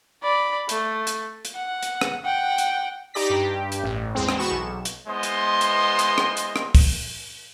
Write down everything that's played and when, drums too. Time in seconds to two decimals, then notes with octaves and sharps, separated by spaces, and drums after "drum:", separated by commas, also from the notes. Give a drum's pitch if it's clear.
0.23 D5 B5
0.69 A3, drum: hi-hat
1.07 drum: hi-hat
1.45 drum: hi-hat
1.55 F#5
1.83 drum: hi-hat
2.01 drum: rim click
2.25 F#5 G5
2.58 drum: hi-hat
3.14 D#4 G4 D5 A#6 B6
3.30 G2 G4
3.72 drum: hi-hat
3.84 A1
4.15 E2 G#3 C4
4.29 drum: rim click
4.38 E2 B3 F#4 C#6 E7
4.51 B1
4.85 drum: hi-hat
5.07 G#3 B3 E4 C5 D#5 C6
5.23 drum: hi-hat
5.61 drum: hi-hat
5.99 drum: hi-hat
6.18 drum: rim click
6.37 drum: hi-hat
6.56 drum: rim click
6.75 drum: kick, open hi-hat